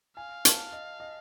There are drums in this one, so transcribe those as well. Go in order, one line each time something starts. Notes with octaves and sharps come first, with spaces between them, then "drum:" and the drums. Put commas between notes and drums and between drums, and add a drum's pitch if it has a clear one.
F5 G#5
A5, drum: hi-hat
D#5
D#5